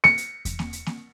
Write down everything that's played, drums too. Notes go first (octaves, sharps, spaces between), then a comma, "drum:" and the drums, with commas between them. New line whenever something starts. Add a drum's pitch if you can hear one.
C#7, drum: snare A#3
drum: hi-hat
drum: kick E2, hi-hat
drum: snare A#3
drum: hi-hat
drum: snare A#3